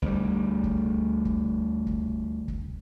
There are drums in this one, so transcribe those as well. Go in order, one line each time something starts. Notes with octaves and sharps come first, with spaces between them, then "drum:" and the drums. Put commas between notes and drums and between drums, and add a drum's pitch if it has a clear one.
D2 G3, drum: kick
drum: kick
drum: kick
drum: kick
drum: kick